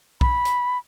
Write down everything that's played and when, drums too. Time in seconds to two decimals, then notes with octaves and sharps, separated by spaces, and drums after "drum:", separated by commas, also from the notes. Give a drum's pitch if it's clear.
0.21 B5, drum: kick B1
0.45 drum: hi-hat